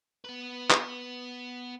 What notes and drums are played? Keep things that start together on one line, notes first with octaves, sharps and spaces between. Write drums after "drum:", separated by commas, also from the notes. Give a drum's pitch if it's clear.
B3 B4
drum: clap